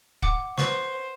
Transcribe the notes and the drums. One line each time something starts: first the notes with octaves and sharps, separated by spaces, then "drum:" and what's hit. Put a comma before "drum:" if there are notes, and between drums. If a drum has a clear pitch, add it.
F#5 D6, drum: kick
B4 C5 C#6, drum: snare